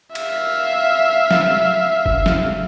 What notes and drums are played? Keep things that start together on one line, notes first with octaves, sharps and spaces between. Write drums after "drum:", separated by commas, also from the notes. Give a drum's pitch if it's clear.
E5 F5, drum: cymbal
drum: snare
drum: kick F#1
drum: snare